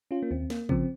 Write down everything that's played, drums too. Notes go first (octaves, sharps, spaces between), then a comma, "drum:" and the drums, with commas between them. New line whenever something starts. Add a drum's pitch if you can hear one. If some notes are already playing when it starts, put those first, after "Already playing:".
C#4 F4
A#3
D#2 C4
A#3, drum: snare
C#3 F3 C4, drum: kick